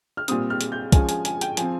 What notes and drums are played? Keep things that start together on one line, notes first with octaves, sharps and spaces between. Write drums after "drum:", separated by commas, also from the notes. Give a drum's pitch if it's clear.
F6
A#2 G3 C4 D#6, drum: hi-hat
F6
drum: hi-hat
G6
F3 G#3 C#4 G#5, drum: kick, hi-hat
G#5, drum: hi-hat
G#5, drum: hi-hat
G5, drum: hi-hat
F3 C4 G#5, drum: hi-hat